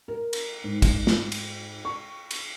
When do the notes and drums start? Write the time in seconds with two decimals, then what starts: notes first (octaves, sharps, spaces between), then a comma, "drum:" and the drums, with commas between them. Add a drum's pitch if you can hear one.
0.08 A#4
0.33 drum: cymbal
0.64 G#2
0.82 drum: kick, cymbal
1.07 drum: snare
1.32 drum: cymbal
1.85 C#6
2.31 drum: cymbal